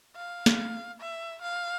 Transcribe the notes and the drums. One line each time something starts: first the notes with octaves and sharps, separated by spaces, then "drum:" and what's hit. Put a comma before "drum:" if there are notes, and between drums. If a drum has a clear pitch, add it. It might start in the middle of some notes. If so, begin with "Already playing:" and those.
F5
drum: snare
E5
F5